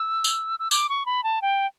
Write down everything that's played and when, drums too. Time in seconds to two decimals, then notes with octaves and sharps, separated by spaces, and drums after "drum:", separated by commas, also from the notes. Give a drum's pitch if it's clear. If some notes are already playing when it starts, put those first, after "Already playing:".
Already playing: E6
0.24 drum: tambourine
0.59 E6
0.71 D6, drum: tambourine
0.89 C#6
1.06 B5
1.24 A5
1.42 G5